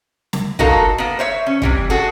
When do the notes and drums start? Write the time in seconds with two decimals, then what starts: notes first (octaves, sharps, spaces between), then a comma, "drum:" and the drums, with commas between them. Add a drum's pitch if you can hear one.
0.33 drum: snare
0.59 D#4 F#4 A4 A#4 F5, drum: kick
0.98 A#3 B3
1.19 C5 C#5 E5
1.46 C#4
1.62 C3 E3 G3, drum: kick
1.90 F#4 G#4 A4